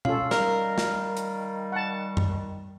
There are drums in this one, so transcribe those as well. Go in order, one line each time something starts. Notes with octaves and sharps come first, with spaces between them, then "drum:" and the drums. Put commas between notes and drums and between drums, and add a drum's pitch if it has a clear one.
C#4 F4 A4 F5, drum: tom
D#3 G3 A#4, drum: snare
drum: snare
drum: hi-hat
F#5 A5
drum: tom F#2